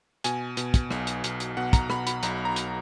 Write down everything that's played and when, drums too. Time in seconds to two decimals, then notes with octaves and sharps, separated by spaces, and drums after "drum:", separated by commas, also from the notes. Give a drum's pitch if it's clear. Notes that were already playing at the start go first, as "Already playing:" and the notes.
0.24 B2 G#5, drum: hi-hat
0.57 B2, drum: hi-hat
0.74 drum: kick, hi-hat
0.91 B1, drum: rim click
1.07 drum: hi-hat
1.24 B1, drum: hi-hat
1.40 drum: hi-hat
1.57 B2 F#5
1.73 A#5, drum: kick, hi-hat
1.90 B2 B5, drum: rim click
2.07 B5, drum: hi-hat
2.23 B1 A#5, drum: hi-hat
2.45 A#5
2.56 drum: hi-hat